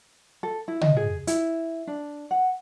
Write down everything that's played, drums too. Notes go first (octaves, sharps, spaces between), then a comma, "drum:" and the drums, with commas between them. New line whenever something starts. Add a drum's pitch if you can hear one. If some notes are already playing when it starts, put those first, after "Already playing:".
A4
E4
D#5, drum: tom
G#4
E4, drum: hi-hat
D4
F#5